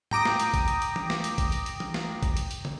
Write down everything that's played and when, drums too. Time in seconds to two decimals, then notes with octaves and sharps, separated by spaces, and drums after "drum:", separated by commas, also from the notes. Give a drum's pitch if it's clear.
0.11 G5 A#5 D6 D#6, drum: tom G#2
0.25 drum: snare
0.40 drum: hi-hat
0.54 drum: kick, hi-hat
0.68 drum: hi-hat
0.82 drum: hi-hat
0.96 drum: tom E3
1.10 drum: snare
1.24 drum: hi-hat
1.38 drum: kick, hi-hat
1.52 drum: hi-hat
1.66 drum: hi-hat
1.80 drum: tom E3
1.94 drum: snare
2.23 drum: kick, hi-hat
2.37 drum: hi-hat
2.51 drum: hi-hat
2.65 drum: tom